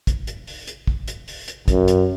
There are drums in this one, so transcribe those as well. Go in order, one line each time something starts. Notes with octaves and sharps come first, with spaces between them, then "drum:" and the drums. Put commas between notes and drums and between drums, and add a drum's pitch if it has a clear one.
drum: kick, hi-hat
drum: hi-hat
drum: open hi-hat
drum: hi-hat
drum: kick
drum: hi-hat
drum: open hi-hat
drum: hi-hat
F#2, drum: kick, hi-hat
drum: hi-hat